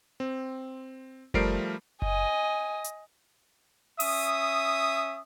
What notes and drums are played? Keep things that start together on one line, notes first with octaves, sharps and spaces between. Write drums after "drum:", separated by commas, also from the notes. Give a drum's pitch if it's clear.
C4
F3 G3 A3 A#4 C7 D7, drum: kick F#1
D#5 G#5, drum: kick F#1
drum: hi-hat
C#4 E5 D#6, drum: open hi-hat